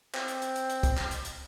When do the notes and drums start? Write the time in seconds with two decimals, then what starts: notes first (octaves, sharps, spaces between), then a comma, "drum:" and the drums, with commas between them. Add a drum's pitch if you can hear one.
0.14 C4, drum: clap
0.28 drum: hi-hat
0.42 drum: hi-hat
0.56 drum: hi-hat
0.70 drum: hi-hat
0.83 drum: kick, hi-hat
0.97 drum: clap
1.11 drum: hi-hat
1.25 drum: hi-hat